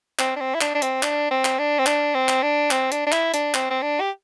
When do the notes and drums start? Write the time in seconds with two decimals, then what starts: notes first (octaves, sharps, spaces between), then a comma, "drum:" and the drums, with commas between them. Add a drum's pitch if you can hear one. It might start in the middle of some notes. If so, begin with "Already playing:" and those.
0.19 C4, drum: clap
0.36 D4
0.41 C4
0.55 E4
0.61 D4, drum: clap
0.75 D4
0.82 C4, drum: hi-hat
1.03 D4, drum: clap
1.31 C4
1.45 drum: clap
1.59 D4
1.79 C4
1.86 D4, drum: clap
2.14 C4
2.29 drum: clap
2.43 D4
2.71 C4, drum: clap
2.92 D4, drum: hi-hat
3.07 D4
3.12 E4, drum: clap
3.34 D4, drum: hi-hat
3.54 C4, drum: clap
3.71 C4
3.82 D4
4.00 G4